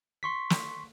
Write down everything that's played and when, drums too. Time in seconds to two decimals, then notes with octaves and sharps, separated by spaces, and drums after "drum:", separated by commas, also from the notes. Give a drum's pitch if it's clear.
0.23 C6 C#6 B6
0.50 drum: snare